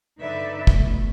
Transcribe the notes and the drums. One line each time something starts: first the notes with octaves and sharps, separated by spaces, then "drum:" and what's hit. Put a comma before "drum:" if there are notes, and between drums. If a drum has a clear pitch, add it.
G2 D3 D#4 B4 D5 E5
B2 A3, drum: kick